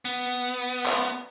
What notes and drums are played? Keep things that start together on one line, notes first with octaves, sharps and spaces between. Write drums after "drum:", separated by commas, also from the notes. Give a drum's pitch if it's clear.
B3
drum: clap